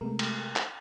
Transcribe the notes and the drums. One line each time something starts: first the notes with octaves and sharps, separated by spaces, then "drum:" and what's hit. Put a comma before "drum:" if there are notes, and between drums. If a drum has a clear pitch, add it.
C3 G#3 A3 B3 A#4
drum: cymbal
drum: clap